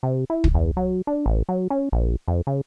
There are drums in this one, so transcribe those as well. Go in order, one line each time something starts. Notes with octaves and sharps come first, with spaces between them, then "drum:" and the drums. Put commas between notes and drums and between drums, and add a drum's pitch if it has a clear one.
C3
E4
drum: kick
E2
F#3
D4
A1
F#3
C#4
A#1
F2
C#3